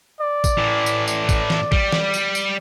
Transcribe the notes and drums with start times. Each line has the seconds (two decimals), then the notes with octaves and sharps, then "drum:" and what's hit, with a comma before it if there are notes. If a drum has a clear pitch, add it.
0.21 D5
0.44 drum: kick A1, tambourine
0.58 A2 E3
0.86 drum: tambourine
1.08 D5, drum: tambourine
1.29 drum: kick A1, tambourine
1.50 drum: snare
1.72 G3, drum: kick A1
1.92 drum: snare
2.14 drum: tambourine
2.35 drum: tambourine